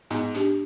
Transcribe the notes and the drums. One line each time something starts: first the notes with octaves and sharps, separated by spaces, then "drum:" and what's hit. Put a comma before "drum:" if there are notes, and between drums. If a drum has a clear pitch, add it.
G#2 B3, drum: hi-hat
D4 G4, drum: hi-hat